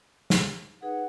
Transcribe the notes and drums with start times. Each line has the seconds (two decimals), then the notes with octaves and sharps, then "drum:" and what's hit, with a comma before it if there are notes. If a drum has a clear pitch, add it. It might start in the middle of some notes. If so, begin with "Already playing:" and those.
0.30 drum: snare
0.82 D#4 G#4 B4 F#5